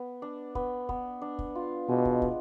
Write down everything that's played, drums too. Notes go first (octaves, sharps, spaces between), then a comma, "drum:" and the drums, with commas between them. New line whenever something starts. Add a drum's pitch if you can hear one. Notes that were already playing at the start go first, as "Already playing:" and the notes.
Already playing: B3
D4
B3, drum: kick
B3, drum: kick
D4
drum: kick
F4
B2 G#3
drum: kick
B3, drum: kick